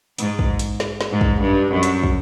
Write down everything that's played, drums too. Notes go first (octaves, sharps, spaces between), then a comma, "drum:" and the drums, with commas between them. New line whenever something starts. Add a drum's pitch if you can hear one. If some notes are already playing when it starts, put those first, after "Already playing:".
G#2, drum: hi-hat
drum: kick
drum: hi-hat
drum: snare
drum: snare
G#2
drum: kick
G2
F#2
drum: hi-hat
drum: kick